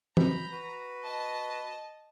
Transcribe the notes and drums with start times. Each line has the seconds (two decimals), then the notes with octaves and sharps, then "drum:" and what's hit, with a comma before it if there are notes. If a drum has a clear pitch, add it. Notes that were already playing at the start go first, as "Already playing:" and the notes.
0.17 A#5 B5 G6, drum: tom
0.52 F#4 B4
1.03 D#5 A5